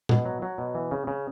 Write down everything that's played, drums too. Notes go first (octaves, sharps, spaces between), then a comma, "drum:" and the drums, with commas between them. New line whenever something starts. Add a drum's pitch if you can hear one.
B2, drum: tom
F#3
F#3
B2
E3
C#3
C#3